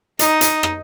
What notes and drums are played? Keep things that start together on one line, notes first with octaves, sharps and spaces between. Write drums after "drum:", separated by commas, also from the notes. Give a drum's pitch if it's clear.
D#4, drum: hi-hat
drum: hi-hat
drum: rim click